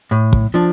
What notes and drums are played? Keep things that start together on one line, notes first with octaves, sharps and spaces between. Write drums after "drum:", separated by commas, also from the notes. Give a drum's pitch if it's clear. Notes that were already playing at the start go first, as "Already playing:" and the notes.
A2
drum: kick
F3 D4